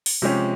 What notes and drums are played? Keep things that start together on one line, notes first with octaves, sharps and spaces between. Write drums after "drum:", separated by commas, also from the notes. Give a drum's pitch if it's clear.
drum: open hi-hat
C3 F3 G#3 C#4 G4